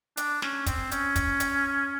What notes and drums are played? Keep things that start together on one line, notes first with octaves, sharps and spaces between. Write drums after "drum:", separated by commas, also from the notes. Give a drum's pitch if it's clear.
D4, drum: hi-hat
C#4, drum: snare
C4, drum: kick, hi-hat
C#4, drum: hi-hat
drum: kick, hi-hat
drum: hi-hat